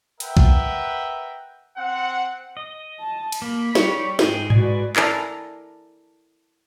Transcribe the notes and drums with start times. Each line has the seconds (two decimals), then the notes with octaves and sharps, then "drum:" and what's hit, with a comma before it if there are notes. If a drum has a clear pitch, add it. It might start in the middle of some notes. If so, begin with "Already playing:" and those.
0.20 A#4 B4 E5 F#5 G5, drum: hi-hat
0.37 drum: kick B1
1.77 C4 F#5
2.57 D#5
3.00 A5
3.32 drum: cymbal
3.42 A#3 B5
3.75 G3 G4 C#5, drum: snare
4.19 G#2 G#3 G#4 G5, drum: snare
4.50 F#4 B4 D5 G#5, drum: tom G#2
4.96 E4 A4 A#4 D5 G#5 A#5, drum: clap